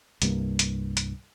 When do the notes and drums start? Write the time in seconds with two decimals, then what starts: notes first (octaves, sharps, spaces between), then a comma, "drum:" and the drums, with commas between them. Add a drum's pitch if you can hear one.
0.22 C2 G2 A#3, drum: hi-hat
0.59 drum: hi-hat
0.97 drum: hi-hat